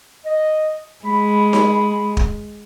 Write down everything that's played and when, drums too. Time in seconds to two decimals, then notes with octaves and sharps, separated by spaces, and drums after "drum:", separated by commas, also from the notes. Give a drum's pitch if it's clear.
0.25 D#5
1.05 G#3 B5
1.53 drum: snare D#4
2.17 drum: kick